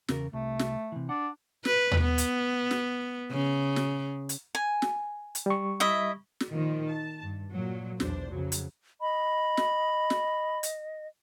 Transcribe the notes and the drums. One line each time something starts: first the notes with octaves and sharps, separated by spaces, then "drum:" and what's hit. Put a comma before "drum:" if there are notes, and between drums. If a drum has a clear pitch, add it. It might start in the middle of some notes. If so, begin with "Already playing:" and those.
E2 C#3 A#4, drum: snare
C2 A3
drum: snare
C3 E3
D4 F#5
B4, drum: snare
drum: tom D#2
B3
drum: hi-hat
drum: snare
C#3
drum: snare
drum: hi-hat
G#5
drum: snare
drum: hi-hat
G3 C#6
E4 D#5 E5
drum: snare
A#2 D#3 F3
A5
G2
A#2 F#3
B1 E2 D4 C5, drum: snare
F2 C#3 F#3
drum: hi-hat
D#5 B5
drum: snare
drum: snare
drum: hi-hat